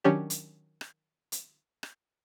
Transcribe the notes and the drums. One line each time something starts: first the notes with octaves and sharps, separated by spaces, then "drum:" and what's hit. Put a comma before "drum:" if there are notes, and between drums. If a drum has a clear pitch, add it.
D#3 F#3 C#4 D4 G4
drum: hi-hat
drum: rim click
drum: hi-hat
drum: rim click